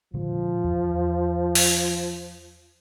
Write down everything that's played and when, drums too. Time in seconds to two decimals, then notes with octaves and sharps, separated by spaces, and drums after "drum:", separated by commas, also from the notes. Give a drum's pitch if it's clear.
0.14 A#2 D3 F3 G#3
0.64 E2
1.55 drum: open hi-hat